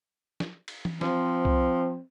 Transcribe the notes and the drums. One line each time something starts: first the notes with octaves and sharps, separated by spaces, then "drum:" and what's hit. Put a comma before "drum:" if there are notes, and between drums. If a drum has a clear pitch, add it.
drum: snare
drum: cymbal
drum: tom E3
F3 C4, drum: snare
drum: kick C2